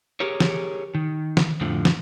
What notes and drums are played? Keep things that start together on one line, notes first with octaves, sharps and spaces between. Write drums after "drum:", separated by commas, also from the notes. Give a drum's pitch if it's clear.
G4 G#4 A#4 C#5
drum: snare
D#3
drum: snare
F2 A2 D3 F3
drum: snare